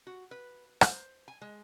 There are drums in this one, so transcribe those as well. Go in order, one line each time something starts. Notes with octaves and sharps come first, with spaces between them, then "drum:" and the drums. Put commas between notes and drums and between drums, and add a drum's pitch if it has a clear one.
F#4
B4
C5, drum: rim click
G#5
G#3